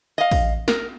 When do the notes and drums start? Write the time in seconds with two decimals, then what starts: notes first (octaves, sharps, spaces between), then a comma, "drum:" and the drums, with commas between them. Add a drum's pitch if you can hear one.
0.18 D#5 F5
0.31 drum: kick, open hi-hat
0.68 A#4, drum: snare